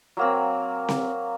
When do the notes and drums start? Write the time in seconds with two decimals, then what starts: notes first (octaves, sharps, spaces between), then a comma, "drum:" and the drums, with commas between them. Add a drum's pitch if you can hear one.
0.17 F#3 A#3 C4
0.89 drum: snare C4